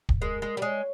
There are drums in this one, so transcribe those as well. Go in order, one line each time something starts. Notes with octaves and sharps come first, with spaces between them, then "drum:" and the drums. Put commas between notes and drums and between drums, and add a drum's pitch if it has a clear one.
drum: kick
G#3 A#4
G#3
G3
G#3 C#5